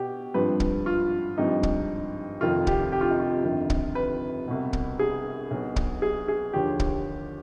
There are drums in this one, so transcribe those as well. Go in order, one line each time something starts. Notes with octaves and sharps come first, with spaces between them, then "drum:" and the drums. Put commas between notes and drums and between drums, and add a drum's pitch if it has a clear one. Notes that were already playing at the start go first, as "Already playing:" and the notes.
Already playing: B2 G4
G#1 G2 F3 B4
drum: kick
F4
G#1 G2 F3 D#4
drum: kick
F1 F2 D#3 F4
G4, drum: kick
G4
F4
D#4
F4
G1 F2 D#3
drum: kick
B4
C2 B2
drum: kick
G#4
B1 B2
drum: kick
G#4
G#4
D#2 D3 F3 G4
drum: kick